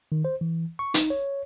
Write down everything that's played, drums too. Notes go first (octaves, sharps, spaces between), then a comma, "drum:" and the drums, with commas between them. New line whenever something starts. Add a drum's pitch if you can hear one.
D#3
C5
E3
C#6
D#4, drum: hi-hat
C#5